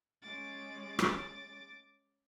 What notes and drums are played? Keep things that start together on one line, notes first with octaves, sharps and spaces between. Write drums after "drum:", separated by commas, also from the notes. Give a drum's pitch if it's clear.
G#3 C#4 D6 A6
drum: rim click